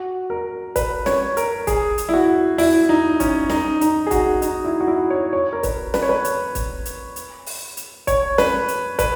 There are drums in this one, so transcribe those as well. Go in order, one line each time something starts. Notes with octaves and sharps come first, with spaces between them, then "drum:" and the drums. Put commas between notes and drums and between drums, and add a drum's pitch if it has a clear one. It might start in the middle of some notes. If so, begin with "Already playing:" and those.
Already playing: F#4
A#4
B4, drum: kick, hi-hat
C#5, drum: snare
A#4, drum: hi-hat
G#4, drum: kick, hi-hat
drum: hi-hat
E4
F#4
E4, drum: open hi-hat
D#4
C#4, drum: kick, hi-hat
D#4, drum: snare
D#4, drum: hi-hat
G#4
F#4, drum: kick, hi-hat
D#4, drum: hi-hat
E4
F#4
E4
C#5
C#5
A#4
B4, drum: kick, hi-hat
B4, drum: snare
C#5
B4
drum: hi-hat
drum: kick, hi-hat
drum: hi-hat
drum: hi-hat
drum: open hi-hat
drum: hi-hat
C#5, drum: kick, hi-hat
B4, drum: snare
drum: hi-hat
B4, drum: kick, hi-hat